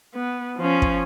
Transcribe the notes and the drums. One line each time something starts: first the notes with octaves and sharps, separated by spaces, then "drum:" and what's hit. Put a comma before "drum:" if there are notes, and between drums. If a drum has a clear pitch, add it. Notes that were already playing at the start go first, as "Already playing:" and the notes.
B3
F3 C#4
drum: kick